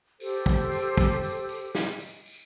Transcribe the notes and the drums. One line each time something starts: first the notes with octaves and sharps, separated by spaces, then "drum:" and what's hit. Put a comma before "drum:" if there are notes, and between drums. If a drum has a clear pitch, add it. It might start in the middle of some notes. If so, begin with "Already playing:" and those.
G4 A4 C5, drum: tambourine
drum: kick, tambourine
drum: tambourine
drum: kick, tambourine
drum: tambourine
drum: tambourine
drum: snare
drum: tambourine
drum: tambourine